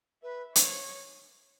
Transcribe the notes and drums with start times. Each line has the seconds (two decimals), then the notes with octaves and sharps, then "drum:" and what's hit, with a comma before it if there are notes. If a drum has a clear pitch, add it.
0.23 B4 E5
0.56 C#5, drum: hi-hat